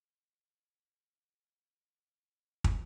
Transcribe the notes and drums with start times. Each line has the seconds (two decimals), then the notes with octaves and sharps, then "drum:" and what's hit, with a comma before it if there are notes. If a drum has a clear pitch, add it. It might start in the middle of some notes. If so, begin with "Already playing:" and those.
0.77 G1 C3
2.64 drum: kick